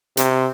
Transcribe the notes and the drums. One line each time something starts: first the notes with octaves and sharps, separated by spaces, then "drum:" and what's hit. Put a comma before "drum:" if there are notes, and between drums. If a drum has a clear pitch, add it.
C3, drum: hi-hat